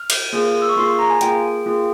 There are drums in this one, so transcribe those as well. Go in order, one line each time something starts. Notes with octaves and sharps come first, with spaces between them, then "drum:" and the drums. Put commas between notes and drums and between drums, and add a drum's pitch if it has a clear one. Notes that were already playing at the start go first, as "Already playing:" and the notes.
Already playing: F6
drum: cymbal
A#3 F4 G#4
E6
C#6
A#3 F4 G#4 C6
A#5
G#5
A#3 F4 G#4 G5, drum: hi-hat
A#3 F4 G#4